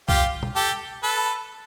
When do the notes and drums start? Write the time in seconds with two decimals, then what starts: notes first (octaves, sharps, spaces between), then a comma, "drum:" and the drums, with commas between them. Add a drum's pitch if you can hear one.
0.09 F4 G4, drum: kick B1
0.43 drum: tom
0.56 G4 A4
1.03 A4 B4